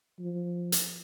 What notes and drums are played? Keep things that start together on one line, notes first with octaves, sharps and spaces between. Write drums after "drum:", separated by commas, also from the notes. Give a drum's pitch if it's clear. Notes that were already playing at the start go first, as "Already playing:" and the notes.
F3
drum: hi-hat